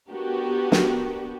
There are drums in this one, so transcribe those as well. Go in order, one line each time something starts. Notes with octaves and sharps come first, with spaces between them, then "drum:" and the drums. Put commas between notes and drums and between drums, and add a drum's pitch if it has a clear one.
B3 D4 F#4 G4 A#4
drum: snare